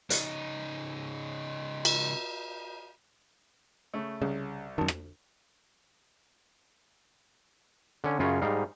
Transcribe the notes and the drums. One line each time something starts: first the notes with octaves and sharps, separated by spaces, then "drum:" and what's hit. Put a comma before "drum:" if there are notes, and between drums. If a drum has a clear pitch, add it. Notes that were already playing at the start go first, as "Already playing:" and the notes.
C#3 D#4, drum: hi-hat
drum: cymbal
C#3 A3
C2 C#3
G#1 F#2 D#3 A5
drum: rim click
D3 C#4
F#2 C#3 C#4 F4
G#2 G3 D#4 F5